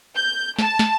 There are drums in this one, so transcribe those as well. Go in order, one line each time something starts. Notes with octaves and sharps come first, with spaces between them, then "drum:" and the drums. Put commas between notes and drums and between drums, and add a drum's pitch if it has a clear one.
G6
A5, drum: snare
drum: snare